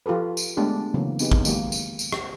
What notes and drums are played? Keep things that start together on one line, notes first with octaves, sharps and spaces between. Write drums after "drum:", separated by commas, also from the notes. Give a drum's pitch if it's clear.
F3 F4 G4 A4 B4
drum: tambourine
G#3 A3 B3 D4 G4
C#3 E3 F#3 A#3 C4
B3 C4 D#4 G4 G#4 B4, drum: tambourine
drum: kick A1
D#3 F#3 G#3 A#3 G4, drum: tambourine
drum: tambourine
drum: tambourine
drum: rim click